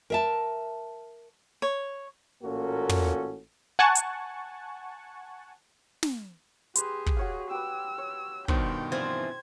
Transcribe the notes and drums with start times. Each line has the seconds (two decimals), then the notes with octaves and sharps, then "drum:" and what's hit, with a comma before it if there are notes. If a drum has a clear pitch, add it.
0.10 A#4 E5 A5
1.62 C#5
2.42 A1 A#2 A#3 C#4 F#4 A4
2.89 drum: tom
3.79 F#5 G#5 A5 C#6
3.95 drum: hi-hat
6.03 drum: snare
6.75 G4 G#4 B4 C6, drum: hi-hat
7.06 drum: kick
7.17 F#4 C#5 F5
7.51 G4 B4 E6
7.98 C#5
8.48 G2 B2 D#3 C5 G5, drum: kick
8.92 E3 F3 C4 C5 C6 G#6